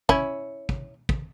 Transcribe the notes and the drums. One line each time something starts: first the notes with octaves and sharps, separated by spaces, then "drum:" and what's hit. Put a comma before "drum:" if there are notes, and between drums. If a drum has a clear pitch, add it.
C#4 E4, drum: kick
drum: kick
drum: kick